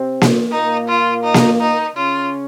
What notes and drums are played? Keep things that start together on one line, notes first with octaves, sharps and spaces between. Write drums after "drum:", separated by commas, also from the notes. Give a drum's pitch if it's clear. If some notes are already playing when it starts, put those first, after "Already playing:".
Already playing: C3 C4
drum: snare A#3
A#2 A#3 D#4
F4
D#4
drum: snare A#3
D#4
C#3 C#4 F4